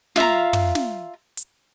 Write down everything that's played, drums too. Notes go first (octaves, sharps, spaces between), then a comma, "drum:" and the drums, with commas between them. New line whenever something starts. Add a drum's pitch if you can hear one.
F4 E5 F5 A#5, drum: snare
drum: tom
drum: snare
drum: hi-hat